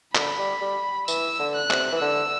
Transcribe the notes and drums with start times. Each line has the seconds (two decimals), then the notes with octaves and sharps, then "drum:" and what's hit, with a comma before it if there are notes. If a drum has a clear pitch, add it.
0.15 D3 B5, drum: clap
0.38 G3
0.61 G3
1.08 E3 E6, drum: tambourine
1.39 D3
1.55 F#6
1.70 C3, drum: clap
1.93 E3
2.01 D3 E6